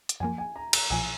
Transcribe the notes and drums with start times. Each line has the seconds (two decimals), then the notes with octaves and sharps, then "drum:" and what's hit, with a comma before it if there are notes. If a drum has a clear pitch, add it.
0.09 drum: hi-hat
0.20 F#2 F3 A#3 G#5
0.38 G#5
0.56 A#5
0.73 A#5, drum: cymbal
0.90 B1 A#2 F3 G#5